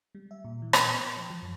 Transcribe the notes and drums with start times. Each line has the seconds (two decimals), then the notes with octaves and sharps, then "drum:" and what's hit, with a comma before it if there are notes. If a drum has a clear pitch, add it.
0.15 G3
0.31 E5
0.44 A#2
0.62 E3
0.73 A#2, drum: rim click
0.89 B3
1.04 G5
1.17 F3
1.30 F3
1.42 F#2